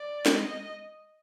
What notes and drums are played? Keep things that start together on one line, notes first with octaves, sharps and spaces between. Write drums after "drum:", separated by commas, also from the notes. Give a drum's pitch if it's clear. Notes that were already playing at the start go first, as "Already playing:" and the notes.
Already playing: D5
G#3 D#5, drum: snare